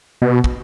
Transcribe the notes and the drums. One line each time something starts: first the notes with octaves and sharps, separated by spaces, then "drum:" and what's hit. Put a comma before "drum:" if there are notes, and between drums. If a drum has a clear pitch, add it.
B2
drum: kick